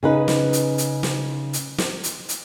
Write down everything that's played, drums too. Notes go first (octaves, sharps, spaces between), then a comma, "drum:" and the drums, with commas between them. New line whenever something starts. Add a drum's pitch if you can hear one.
C#3 D#4 B4
drum: snare
drum: hi-hat
drum: hi-hat
drum: snare
drum: hi-hat
drum: snare
drum: hi-hat
drum: hi-hat